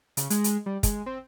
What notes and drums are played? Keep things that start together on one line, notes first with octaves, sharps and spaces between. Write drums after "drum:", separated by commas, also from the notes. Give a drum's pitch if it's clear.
C#3, drum: hi-hat
G#3, drum: hi-hat
drum: hi-hat
G3
G#3, drum: kick, hi-hat
C4